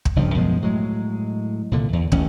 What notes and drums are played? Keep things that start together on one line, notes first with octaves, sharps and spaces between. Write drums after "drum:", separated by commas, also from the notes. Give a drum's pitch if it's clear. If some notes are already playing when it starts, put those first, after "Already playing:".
drum: kick
F#1 G2 C#3 F3
F#2 B2 F3 G#3
A2 F#3 G#3
C2 A#2 D3
E2
A1 D#2 C#4, drum: kick